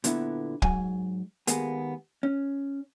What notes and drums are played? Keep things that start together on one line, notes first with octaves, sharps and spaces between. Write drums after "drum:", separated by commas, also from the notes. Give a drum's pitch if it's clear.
A#2 D3 B3 E4, drum: hi-hat
G#2 F#3 G#5, drum: kick
D#2 G#3 A#3 B3 G#4, drum: hi-hat
C#4